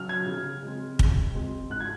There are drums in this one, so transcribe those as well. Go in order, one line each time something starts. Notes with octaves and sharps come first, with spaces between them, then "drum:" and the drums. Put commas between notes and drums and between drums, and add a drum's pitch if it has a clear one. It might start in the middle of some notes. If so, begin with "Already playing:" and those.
Already playing: C#3 F#3 C#4 F6
G#6
C#3
G#3 C4
C#3, drum: kick
G#3 C4
G#2 F#6
G#6